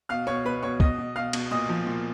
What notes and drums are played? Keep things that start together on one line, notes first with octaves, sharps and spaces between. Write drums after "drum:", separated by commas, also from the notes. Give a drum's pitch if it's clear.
B2 F5 F6
B2 C#5 C#6
B2 B4 B5
B2 C#5 C#6
B2 D#5 D#6, drum: kick
B2
B2 F5 F6
B2, drum: cymbal
A#2 D#5 D#6
F3
A#2